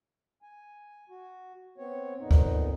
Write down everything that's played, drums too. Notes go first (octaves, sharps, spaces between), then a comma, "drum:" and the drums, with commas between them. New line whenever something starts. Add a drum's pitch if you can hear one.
G#5
F#4
B3 C4 C#5
F2 A#2 B3 D#4
drum: kick D2